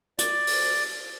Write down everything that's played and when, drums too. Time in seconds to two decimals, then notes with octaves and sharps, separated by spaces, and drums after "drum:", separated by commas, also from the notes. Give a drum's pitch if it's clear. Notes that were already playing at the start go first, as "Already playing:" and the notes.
0.19 D5, drum: hi-hat
0.47 drum: open hi-hat